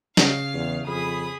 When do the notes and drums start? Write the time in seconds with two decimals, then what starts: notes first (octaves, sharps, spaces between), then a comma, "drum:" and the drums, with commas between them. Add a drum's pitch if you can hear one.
0.17 C#3 F5, drum: snare
0.54 E2
0.87 F2 G#4 B5 D#6